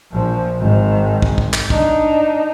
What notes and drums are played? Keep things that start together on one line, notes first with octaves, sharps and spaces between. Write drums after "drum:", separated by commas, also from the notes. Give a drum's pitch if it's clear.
A#1 F3
G#1 D#3
drum: kick
drum: kick
drum: clap
D4 D#4, drum: kick